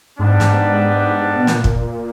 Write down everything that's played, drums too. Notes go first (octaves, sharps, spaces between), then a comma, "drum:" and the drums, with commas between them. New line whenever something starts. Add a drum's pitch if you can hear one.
G#2 G3 B3 D4
G#2, drum: snare
B2
A#2, drum: snare
drum: kick